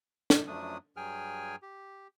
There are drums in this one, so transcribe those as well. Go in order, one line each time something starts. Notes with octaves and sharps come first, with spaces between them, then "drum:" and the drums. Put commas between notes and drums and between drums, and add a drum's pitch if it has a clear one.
drum: snare
F#2 F3 F#3 A3 D4 D#6
G2 F#3 G#4 G5 G#5 F6
G4